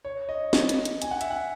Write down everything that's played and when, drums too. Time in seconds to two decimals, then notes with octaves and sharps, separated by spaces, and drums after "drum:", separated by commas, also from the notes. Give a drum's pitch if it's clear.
0.05 C#5
0.29 D#5
0.53 drum: snare
0.69 drum: hi-hat
0.85 drum: hi-hat
1.02 G#5, drum: hi-hat
1.11 F#5
1.21 E5, drum: hi-hat
1.31 F#5